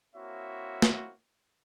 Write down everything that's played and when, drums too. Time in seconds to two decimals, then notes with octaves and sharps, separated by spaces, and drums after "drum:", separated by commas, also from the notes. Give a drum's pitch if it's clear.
0.15 A#3 C4 E4 F#4 C#5 E5
0.82 drum: snare